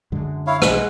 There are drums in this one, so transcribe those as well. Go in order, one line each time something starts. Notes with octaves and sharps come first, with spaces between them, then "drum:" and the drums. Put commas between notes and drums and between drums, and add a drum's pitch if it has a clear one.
F#2 D3 G#3
E4 C#5 F5
B1 E3 G#3 F#5, drum: rim click